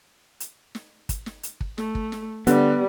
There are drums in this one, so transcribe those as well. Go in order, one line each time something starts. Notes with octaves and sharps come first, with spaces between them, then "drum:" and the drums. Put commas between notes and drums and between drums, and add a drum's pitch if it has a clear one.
drum: hi-hat
drum: snare
drum: kick, hi-hat
drum: snare
drum: hi-hat
drum: kick
A3, drum: snare
drum: kick
drum: snare
D3 G3 B3, drum: hi-hat